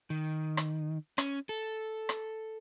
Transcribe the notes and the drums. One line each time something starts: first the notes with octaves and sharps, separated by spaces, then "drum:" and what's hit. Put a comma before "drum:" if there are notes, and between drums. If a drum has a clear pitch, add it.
D#3
drum: rim click
C#4, drum: rim click
A4
drum: rim click